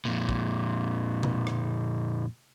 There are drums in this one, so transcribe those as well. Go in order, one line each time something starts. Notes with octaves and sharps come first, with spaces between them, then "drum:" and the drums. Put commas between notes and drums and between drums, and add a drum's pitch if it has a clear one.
F2 A#2
drum: kick
drum: tom B2
drum: rim click